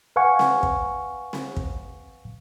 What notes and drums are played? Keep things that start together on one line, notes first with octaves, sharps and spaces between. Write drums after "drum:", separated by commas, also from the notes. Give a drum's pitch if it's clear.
B4 F5 F#5 G#5 C#6
drum: snare C4
drum: kick
drum: snare C4
drum: kick